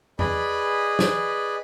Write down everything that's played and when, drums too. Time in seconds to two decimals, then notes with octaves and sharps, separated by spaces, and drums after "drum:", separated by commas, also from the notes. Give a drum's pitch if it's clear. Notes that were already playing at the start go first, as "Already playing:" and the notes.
0.19 G#4 B4 D5 D#5 B5, drum: tom E2
0.99 drum: snare